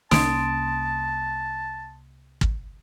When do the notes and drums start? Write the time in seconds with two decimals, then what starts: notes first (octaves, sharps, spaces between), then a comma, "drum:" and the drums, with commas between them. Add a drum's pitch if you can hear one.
0.11 C2 A#3 C#4 A5 C6 D#6 D7, drum: snare
2.41 drum: kick